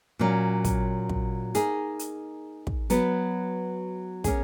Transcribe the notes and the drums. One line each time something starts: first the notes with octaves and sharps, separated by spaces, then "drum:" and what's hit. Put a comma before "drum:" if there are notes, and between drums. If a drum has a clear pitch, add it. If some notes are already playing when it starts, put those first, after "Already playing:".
A#2 F#3 A#3 C#4
drum: kick, hi-hat
drum: kick
A#3 D#4 G#4, drum: hi-hat
drum: hi-hat
drum: kick
F#3 B3 F#4 B4, drum: hi-hat
A#3 C#4 G#4, drum: kick, hi-hat